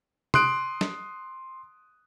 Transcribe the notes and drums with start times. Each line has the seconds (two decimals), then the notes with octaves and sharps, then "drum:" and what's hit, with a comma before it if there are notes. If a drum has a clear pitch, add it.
0.34 C6 D#6 F#6 D7, drum: tom
0.81 drum: snare